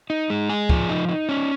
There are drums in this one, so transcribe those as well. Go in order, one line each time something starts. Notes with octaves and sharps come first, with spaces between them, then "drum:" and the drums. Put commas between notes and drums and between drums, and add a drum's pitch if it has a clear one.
D#4
G#3
G#4
F3, drum: kick
D#4
D#4
C#4